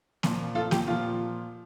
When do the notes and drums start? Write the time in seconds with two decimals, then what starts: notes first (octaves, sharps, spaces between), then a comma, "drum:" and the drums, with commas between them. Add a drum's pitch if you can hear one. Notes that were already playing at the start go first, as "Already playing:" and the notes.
0.23 A#2 F3, drum: snare A#3
0.55 F4 A4
0.71 G4, drum: snare A#3
0.87 A#2 F3 F4